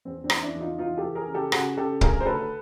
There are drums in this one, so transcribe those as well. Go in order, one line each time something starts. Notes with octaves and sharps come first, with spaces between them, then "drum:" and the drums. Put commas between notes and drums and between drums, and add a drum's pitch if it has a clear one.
E2 C4
C4 D4
E3, drum: rim click
D4 E4
E2
D#4 F4
E3 D#4 F4
G4 A4
E3
G#4 A#4
C#3
G4 A4
C#3 F#4 G#4, drum: rim click
C#3 G4 A4
D2 G#4 A#4, drum: kick
C5
D2 A4 B4